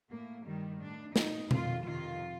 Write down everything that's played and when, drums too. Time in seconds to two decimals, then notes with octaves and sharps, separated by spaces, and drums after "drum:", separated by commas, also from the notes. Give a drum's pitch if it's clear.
0.11 A2 A#3
0.46 G2 D#3 G3
0.81 A2 D4
1.16 A2 D#4, drum: snare
1.51 F2 D#3 F4, drum: tom B2
1.86 F2 C3 D#3 F4